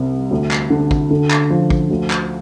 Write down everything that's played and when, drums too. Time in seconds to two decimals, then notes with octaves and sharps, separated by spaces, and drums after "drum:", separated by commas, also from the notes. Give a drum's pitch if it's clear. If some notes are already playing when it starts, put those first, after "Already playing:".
Already playing: C2 C3
0.31 D2
0.51 drum: clap
0.70 D3
0.91 drum: kick A1
1.11 D3
1.31 drum: clap
1.50 F3
1.70 drum: kick A1
1.90 D2
2.10 drum: clap